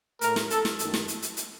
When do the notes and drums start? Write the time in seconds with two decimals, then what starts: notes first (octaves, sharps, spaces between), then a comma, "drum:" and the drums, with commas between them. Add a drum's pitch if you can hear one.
0.21 A2 A3 A#4, drum: hi-hat
0.36 drum: snare
0.50 A4, drum: hi-hat
0.65 drum: snare
0.79 F#2 D#3 A3 A4, drum: hi-hat
0.94 drum: snare
1.08 drum: hi-hat
1.22 drum: hi-hat
1.37 drum: hi-hat